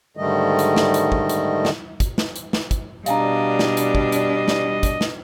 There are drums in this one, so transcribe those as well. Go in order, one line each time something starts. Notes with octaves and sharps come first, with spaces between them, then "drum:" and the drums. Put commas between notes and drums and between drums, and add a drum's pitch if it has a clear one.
G#2 D3 D#3 G3 A3 D#5
drum: hi-hat
drum: snare
drum: hi-hat
drum: kick
drum: hi-hat
drum: snare
drum: kick, hi-hat
drum: snare
drum: hi-hat
drum: snare
drum: kick, hi-hat
B2 G3 D4 D#5 F5 G#5 A#5, drum: hi-hat
drum: snare
drum: hi-hat
drum: kick
drum: hi-hat
drum: snare
drum: kick, hi-hat
drum: snare